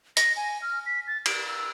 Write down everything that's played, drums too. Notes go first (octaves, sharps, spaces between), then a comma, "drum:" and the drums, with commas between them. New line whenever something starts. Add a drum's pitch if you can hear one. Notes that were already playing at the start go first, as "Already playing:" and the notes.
A#6, drum: hi-hat
G#5
F6
B6
A6
D7, drum: cymbal
E6